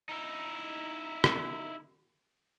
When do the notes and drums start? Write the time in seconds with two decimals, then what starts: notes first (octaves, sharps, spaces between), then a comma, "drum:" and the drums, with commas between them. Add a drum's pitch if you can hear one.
0.09 D#4 E4
1.24 drum: rim click